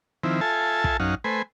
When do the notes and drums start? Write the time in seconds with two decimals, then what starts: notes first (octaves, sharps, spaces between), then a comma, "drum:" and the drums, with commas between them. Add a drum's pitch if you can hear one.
0.23 D#3 F3 C4 E4
0.41 F4 A4 E5 G#5 A5
0.84 drum: kick
1.00 F#2 C#4 D#4 F5 F#5
1.24 A3 B4 C5 G#5